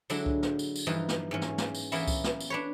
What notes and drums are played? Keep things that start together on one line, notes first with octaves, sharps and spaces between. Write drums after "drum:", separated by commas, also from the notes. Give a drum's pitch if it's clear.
D3 F#3 G#3 D4 E4, drum: tambourine
drum: kick C2
drum: snare
drum: tambourine
drum: tambourine
G2 E3 F3 D#4
drum: snare
G#2 E3 C#4
drum: snare
drum: snare
drum: tambourine
E3 A#3 B3 C#4 E4, drum: tambourine
drum: kick C2, tambourine
drum: snare
drum: tambourine
D4 B4 C#5